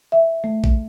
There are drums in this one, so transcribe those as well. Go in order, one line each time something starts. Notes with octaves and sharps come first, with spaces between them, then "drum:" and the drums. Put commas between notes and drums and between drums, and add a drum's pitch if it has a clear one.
E5
A3
drum: kick